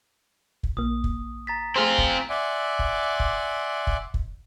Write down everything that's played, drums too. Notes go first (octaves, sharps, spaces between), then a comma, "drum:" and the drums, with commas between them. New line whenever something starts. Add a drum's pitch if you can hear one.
drum: kick
A#1 A#3 D#6
drum: kick
A#5 A6 B6
A3 C4 F4 G#4 C5 G#5 C6
drum: kick
D5 E5 F#5 G#5 C6 D6
drum: kick
drum: kick
drum: kick
drum: kick